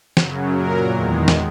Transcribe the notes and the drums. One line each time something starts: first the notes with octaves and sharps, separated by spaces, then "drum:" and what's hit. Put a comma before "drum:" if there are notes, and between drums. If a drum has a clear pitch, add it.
F#2 C#3 F#3, drum: snare
A#2 F#3 A#4
E2 D#3 G#3
drum: snare